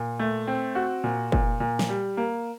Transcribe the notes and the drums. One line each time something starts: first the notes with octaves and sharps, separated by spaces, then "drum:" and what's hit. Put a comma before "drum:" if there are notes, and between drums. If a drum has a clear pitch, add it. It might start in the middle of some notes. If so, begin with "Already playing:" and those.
Already playing: A#2
A3
C4
F#4
A#2
A#2, drum: kick
A#2
drum: snare
G3
A#3